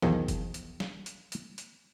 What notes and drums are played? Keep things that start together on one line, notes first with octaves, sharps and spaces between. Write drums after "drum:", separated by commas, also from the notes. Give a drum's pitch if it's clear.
B1 E2 D#3 F3, drum: snare
drum: kick F#1, hi-hat
drum: hi-hat
drum: snare
drum: hi-hat
drum: hi-hat
drum: hi-hat